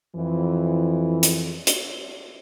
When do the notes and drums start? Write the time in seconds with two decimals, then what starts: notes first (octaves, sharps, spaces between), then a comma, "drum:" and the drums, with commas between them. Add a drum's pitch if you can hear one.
0.16 F2 E3
1.23 drum: hi-hat
1.67 drum: hi-hat